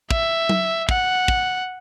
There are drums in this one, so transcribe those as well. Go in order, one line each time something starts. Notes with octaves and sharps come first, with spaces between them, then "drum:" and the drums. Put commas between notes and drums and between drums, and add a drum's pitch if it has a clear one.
E5, drum: kick
drum: tom F#3
F#5, drum: kick
drum: kick